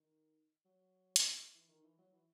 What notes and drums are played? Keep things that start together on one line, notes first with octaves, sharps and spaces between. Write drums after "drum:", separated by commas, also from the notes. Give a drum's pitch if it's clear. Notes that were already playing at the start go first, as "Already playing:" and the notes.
Already playing: D#3
F#3
drum: hi-hat
E3
D#3
E3
F#3
E3